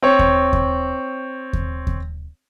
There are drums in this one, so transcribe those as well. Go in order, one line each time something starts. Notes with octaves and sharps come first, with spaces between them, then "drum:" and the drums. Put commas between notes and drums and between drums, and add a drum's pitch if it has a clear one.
C4 C#5
drum: kick D#2
drum: kick D#2
drum: kick D#2
drum: kick D#2